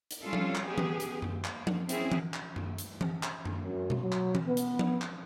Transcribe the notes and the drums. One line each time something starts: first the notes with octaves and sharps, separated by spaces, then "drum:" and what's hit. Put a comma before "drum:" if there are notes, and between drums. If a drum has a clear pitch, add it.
drum: hi-hat
G3 C#4 F4 A4
drum: tom F3
drum: clap
B3 G4 G#4
drum: tom E3
drum: hi-hat
drum: tom F#2
A#3, drum: clap
drum: tom F3
C4 C#4 E4 G#4, drum: hi-hat
drum: tom E3
drum: clap
drum: tom F#2
drum: hi-hat
drum: tom E3
drum: clap
drum: tom F#2
F#2
drum: tom B2
F#3
drum: clap
drum: tom E3
B3
drum: hi-hat
drum: tom F3
drum: clap